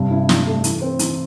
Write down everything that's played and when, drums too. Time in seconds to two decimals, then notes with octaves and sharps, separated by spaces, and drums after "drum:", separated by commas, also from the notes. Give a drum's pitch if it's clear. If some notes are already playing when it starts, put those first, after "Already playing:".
Already playing: G2 C3
0.11 E4
0.29 E4, drum: snare
0.47 A3
0.64 E3, drum: hi-hat
0.82 C4
0.99 E3, drum: hi-hat